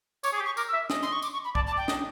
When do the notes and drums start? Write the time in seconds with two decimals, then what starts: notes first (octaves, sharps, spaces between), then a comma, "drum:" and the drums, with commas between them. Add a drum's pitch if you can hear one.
0.24 C#5 D6, drum: tambourine
0.32 G#4
0.35 D6
0.40 G4
0.46 C#6
0.57 A#4 D6, drum: tambourine
0.68 E6
0.73 E5
0.90 D#5, drum: snare
1.02 C6
1.12 C#6
1.22 D6, drum: tambourine
1.33 C#6
1.44 B5
1.55 D5 A5, drum: kick C2
1.67 A5
1.72 D5
1.77 G5
1.88 D#5, drum: snare